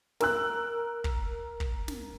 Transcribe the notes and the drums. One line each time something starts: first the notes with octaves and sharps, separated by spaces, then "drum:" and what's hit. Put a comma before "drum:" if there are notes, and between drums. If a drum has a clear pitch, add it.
A#4 E6 F#6, drum: snare
drum: kick
drum: kick
drum: snare